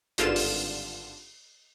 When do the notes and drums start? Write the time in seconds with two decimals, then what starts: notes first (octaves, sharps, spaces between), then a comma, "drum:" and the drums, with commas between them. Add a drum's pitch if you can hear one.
0.18 G#1 G2 D3 F4 E7, drum: hi-hat
0.36 drum: open hi-hat